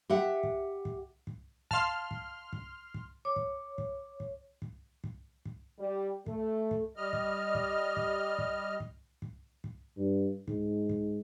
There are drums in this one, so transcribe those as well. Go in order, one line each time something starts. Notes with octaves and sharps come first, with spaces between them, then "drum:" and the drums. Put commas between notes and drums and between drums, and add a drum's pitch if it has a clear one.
G4 E5 F#5
drum: kick
drum: kick
drum: kick
F5 A5 C6 F6, drum: kick
drum: kick
drum: kick
drum: kick
C#5 D6
drum: kick
drum: kick
drum: kick
drum: kick
drum: kick
drum: kick
G3
A3, drum: kick
drum: kick
G3 D#5 F6
drum: kick
drum: kick
drum: kick
drum: kick
drum: kick
drum: kick
drum: kick
G2
G#2, drum: kick
drum: kick